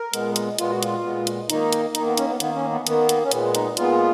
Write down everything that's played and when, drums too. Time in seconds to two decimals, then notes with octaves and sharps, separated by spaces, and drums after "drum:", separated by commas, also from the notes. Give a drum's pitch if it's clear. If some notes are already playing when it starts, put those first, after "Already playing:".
Already playing: A#4
0.13 A#2 G#3 B3, drum: hi-hat
0.36 drum: hi-hat
0.58 A#2 G#3 B3 F4, drum: hi-hat
0.70 F#4
0.83 F4, drum: hi-hat
1.04 A#2 G#3 B3
1.27 drum: hi-hat
1.50 D#3 A#3 D#4, drum: hi-hat
1.73 drum: hi-hat
1.95 D#3 A#3 D#4, drum: hi-hat
2.06 B3
2.17 C#4, drum: hi-hat
2.29 B3
2.40 D#3 A#3 B3, drum: hi-hat
2.56 C#4
2.71 B3
2.87 D#3 A#3 B3, drum: hi-hat
3.09 drum: hi-hat
3.24 C#4
3.31 A#2 G#3 B3, drum: hi-hat
3.55 D#4, drum: hi-hat
3.77 A#2 G#3 B3 F4, drum: hi-hat